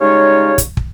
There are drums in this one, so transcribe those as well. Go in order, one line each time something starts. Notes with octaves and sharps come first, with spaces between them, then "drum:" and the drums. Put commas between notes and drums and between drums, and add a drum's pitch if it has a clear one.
C#3 G3 G#3 D#4 F4 C#5
drum: kick, hi-hat
drum: kick